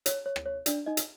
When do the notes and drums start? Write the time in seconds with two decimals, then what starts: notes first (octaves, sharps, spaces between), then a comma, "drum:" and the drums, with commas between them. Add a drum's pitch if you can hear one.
0.06 C#5, drum: hi-hat
0.26 C#5
0.36 drum: rim click
0.46 C#5
0.66 D4 D5, drum: hi-hat
0.86 D#4 D#5
0.97 drum: hi-hat